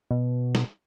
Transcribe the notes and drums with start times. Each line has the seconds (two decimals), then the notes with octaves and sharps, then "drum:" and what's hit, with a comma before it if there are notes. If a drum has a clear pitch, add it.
0.11 B2
0.55 drum: snare